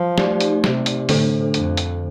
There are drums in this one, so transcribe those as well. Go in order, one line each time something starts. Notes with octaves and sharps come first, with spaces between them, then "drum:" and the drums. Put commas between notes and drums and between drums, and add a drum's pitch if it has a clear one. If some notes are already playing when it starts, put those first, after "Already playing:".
Already playing: F3
A3 D#4 G4 D5, drum: snare
drum: hi-hat
C3, drum: snare
drum: hi-hat
A2 D3 A3 D4 A4 C5, drum: open hi-hat
F2, drum: hi-hat
drum: hi-hat